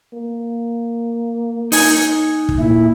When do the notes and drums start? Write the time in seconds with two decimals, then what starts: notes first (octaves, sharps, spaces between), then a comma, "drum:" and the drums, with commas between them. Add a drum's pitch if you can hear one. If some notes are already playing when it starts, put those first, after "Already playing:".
0.13 A#3
1.72 D#4 G#5, drum: open hi-hat
2.49 drum: kick
2.59 A#2 E4